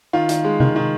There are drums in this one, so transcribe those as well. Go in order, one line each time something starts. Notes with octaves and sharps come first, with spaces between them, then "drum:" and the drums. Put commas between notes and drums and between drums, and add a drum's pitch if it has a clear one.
D#3 F4
D#3, drum: hi-hat
G#3
D#3, drum: tom C3
D#3